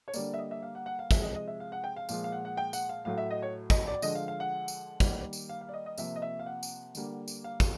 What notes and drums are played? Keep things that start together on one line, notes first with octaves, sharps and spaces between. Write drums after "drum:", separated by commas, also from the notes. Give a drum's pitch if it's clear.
C#5
D3 G3 A#3 D5, drum: tambourine
E5
D#5
E5
F5
F#5
F#5
F5
C3 F3 G#3 E5, drum: kick, tambourine
D#5
D#5
E5
F5
F#5
G5
F5
A#2 F3 G#3 F5, drum: tambourine
F5
F#5
F#5
G5
F#5, drum: tambourine
F5
A2 F#3 A3 F5
E5
D#5
C#5
D#5, drum: kick, tambourine
D5
D3 F3 G#3 D#5, drum: tambourine
F5
F5
F#5
drum: tambourine
D#3 G3 A#3, drum: kick, tambourine
drum: tambourine
F5
F5
D5
D#5
D#5
C3 F3 A#3 E5, drum: tambourine
D#5
E5
F5
F#5
drum: tambourine
D3 G3 A#3, drum: tambourine
drum: tambourine
F5
drum: kick, tambourine